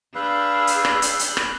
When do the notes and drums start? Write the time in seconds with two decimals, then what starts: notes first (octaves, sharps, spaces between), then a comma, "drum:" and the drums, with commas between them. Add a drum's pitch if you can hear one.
0.15 D4 G#4 B4 F5 B5 E6 F#6 G6
0.67 drum: hi-hat
0.85 drum: rim click
1.02 drum: hi-hat
1.19 drum: hi-hat
1.37 drum: rim click